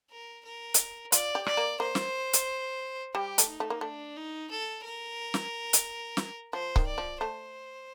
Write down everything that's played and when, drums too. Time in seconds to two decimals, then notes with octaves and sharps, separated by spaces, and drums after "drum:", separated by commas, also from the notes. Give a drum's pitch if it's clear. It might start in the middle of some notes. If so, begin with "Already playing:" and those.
0.11 A#4
0.45 A#4
0.74 drum: hi-hat
1.12 F4 D5, drum: hi-hat
1.35 G4
1.46 D5, drum: rim click
1.57 A#3
1.80 A#3 C5
1.95 drum: snare
2.33 drum: hi-hat
3.15 G3 G4
3.38 A3, drum: hi-hat
3.49 D#4
3.60 A3
3.70 A#3
3.81 A3 D4
4.16 D#4
4.51 A4
4.84 A#4
5.34 drum: snare
5.73 drum: hi-hat
6.17 drum: snare
6.53 F3 C5
6.76 D#3, drum: kick C#1
6.87 D5
6.98 F3
7.21 A3 C5